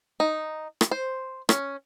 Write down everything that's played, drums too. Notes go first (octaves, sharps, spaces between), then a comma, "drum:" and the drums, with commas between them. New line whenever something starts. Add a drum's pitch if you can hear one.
D#4
drum: rim click
C5
C#4, drum: rim click